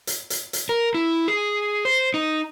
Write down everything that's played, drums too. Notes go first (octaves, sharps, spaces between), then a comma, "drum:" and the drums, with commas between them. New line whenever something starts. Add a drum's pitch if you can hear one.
drum: hi-hat
drum: hi-hat
drum: hi-hat
A#4
E4
G#4
C5
D#4